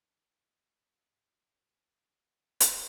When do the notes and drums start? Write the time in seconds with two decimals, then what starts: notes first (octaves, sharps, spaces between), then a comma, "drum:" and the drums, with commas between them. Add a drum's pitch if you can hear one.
1.10 G#2
1.67 A6 D#7
2.60 drum: hi-hat